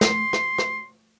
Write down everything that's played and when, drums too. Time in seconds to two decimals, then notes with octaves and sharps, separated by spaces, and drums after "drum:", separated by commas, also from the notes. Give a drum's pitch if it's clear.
0.01 C6, drum: snare
0.33 drum: rim click
0.58 drum: rim click